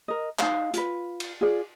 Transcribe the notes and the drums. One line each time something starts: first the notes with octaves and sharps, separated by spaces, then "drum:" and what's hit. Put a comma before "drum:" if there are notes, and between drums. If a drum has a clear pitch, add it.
A#4 D#5
D#4 F5, drum: clap
F4 B4, drum: hi-hat
drum: cymbal
F4 G#4 D5